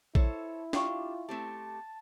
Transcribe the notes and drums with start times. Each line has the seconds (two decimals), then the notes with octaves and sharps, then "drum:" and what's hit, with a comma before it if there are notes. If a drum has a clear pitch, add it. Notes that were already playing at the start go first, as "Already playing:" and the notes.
0.15 E4 A4 C5 C#5, drum: kick
0.73 D4 F4 G4 F5 G5 C#6, drum: snare
1.29 A3 C4 G4 A5